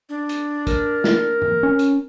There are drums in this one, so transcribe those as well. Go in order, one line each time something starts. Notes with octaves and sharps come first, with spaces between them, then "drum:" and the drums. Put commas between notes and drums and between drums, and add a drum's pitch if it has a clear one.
D4
drum: hi-hat
A#4, drum: kick, hi-hat
drum: snare
drum: tom G2
C#4
drum: hi-hat